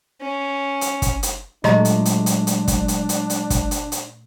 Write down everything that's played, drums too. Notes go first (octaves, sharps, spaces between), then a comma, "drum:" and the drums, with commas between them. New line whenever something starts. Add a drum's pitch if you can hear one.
C#4
drum: hi-hat
drum: kick, hi-hat
drum: hi-hat
A#2 F#3 G#3 A3 D4 G4 D#5 A#5, drum: rim click
drum: hi-hat
drum: hi-hat
drum: hi-hat
drum: hi-hat
drum: kick, hi-hat
drum: hi-hat
drum: hi-hat
drum: hi-hat
drum: kick, hi-hat
drum: hi-hat
drum: hi-hat